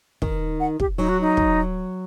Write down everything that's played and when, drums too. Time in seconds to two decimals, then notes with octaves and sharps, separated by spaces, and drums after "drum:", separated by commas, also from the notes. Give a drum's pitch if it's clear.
0.22 D#3, drum: kick
0.60 F#5
0.80 G4, drum: kick
0.98 F#3 D#4
1.09 F#4
1.21 D#4
1.37 drum: kick